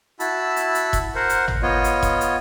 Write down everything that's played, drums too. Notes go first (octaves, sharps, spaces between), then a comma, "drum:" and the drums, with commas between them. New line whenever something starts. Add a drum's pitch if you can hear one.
E4 F#4 A5 B5 E6, drum: hi-hat
drum: hi-hat
drum: hi-hat
drum: kick E1, hi-hat
A#4 C5 F#5
drum: hi-hat
drum: tom G#1
B3 F4 C#5 D#5
drum: hi-hat
drum: kick E1, hi-hat
drum: hi-hat